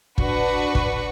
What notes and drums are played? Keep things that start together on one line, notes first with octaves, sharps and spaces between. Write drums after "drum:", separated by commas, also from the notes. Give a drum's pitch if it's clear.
D4 F#4 B4 C#6, drum: kick
drum: kick